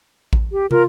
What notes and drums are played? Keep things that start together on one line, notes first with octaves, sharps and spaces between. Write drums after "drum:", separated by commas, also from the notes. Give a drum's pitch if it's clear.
drum: kick A1
G4
F4 A#4, drum: tom